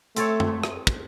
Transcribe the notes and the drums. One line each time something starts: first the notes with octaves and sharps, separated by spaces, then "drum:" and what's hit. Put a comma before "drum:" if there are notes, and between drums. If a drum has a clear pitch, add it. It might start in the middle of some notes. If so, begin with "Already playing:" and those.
A3 C4 A4 C#5, drum: hi-hat
drum: tom F#2
drum: rim click
drum: kick